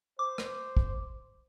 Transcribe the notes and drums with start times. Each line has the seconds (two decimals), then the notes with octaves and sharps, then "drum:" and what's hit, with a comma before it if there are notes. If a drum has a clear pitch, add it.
0.19 C5 D6
0.38 drum: rim click
0.77 drum: kick